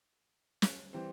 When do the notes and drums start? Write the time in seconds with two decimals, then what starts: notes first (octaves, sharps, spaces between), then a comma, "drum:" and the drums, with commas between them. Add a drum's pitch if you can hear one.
0.62 drum: snare
0.93 E3 G3 C4 C5